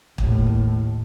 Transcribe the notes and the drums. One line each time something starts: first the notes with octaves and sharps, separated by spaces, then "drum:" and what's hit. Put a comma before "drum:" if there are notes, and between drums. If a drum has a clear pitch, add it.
D#2 A2, drum: kick